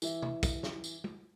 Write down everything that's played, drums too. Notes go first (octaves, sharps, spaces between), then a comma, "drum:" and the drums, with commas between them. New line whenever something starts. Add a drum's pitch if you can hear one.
E3 E5, drum: tambourine
drum: tom
drum: kick, tambourine
drum: snare
drum: tambourine
drum: tom